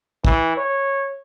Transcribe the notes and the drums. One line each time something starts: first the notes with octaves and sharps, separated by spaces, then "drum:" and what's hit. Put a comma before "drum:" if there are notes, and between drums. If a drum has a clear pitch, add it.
E3, drum: kick
C#5